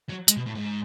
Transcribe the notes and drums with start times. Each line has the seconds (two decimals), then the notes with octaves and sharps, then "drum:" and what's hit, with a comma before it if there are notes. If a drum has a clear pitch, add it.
0.09 F#3
0.28 G#3, drum: hi-hat
0.37 B2
0.46 A2
0.55 G#2